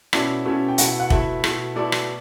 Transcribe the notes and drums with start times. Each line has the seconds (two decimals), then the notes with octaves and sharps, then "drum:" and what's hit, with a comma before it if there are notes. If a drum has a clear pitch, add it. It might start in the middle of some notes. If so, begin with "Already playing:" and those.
0.13 B2 A3 C#4 E4 D5, drum: rim click
0.45 B2 A3 C#4 E4
0.68 G5
0.78 B2 A3 E4 F#5, drum: hi-hat
1.00 F#5
1.10 B2 A3 E4 E5, drum: kick F1
1.44 B2 A3 E4, drum: rim click
1.76 B2 A3 E4 D5
1.92 drum: rim click